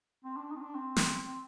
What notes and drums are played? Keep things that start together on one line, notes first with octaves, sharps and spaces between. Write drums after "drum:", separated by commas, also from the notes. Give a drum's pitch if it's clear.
C4
D4
D#4
C4
D4
C4
drum: snare
C4